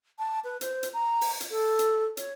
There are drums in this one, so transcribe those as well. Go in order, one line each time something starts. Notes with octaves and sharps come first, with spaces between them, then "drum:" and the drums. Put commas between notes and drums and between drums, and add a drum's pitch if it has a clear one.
A5
B4
C5, drum: hi-hat
drum: hi-hat
A#5
drum: open hi-hat
drum: hi-hat
A4
drum: hi-hat
C#5, drum: hi-hat